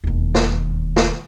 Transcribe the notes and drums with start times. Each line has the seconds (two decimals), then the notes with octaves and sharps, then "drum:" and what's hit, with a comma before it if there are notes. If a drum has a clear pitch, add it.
0.04 E1 D#2
0.35 drum: snare
0.96 drum: snare